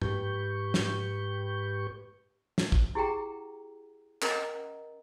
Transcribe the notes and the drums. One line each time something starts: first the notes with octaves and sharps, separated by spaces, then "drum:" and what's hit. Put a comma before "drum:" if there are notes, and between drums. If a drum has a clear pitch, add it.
G#2 G4 B4 C#6 G6, drum: tom
drum: snare
drum: snare
drum: kick
E4 G4 G#4 F#5 G5 A#5
C#4 A#4 D#5 F#5 A#5, drum: clap